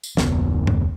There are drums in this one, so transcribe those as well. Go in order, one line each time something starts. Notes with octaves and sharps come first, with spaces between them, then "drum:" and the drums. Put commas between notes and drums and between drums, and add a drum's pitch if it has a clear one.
drum: tambourine
F1 D2 B3, drum: snare
drum: tom